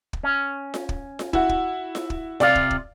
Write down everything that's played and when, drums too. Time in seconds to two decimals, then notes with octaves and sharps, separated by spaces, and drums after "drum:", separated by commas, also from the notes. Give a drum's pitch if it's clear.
0.13 drum: kick
0.23 C#4
0.74 drum: snare F4
0.89 drum: kick
1.19 drum: snare F4
1.33 E4 F#4, drum: kick
1.49 drum: kick
1.95 drum: snare F4
2.10 drum: kick
2.40 C3 F4 D5 F5, drum: snare F4
2.55 drum: kick
2.71 drum: kick